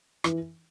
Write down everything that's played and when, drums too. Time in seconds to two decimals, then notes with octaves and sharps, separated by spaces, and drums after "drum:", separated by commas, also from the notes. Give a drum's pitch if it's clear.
0.24 E3, drum: rim click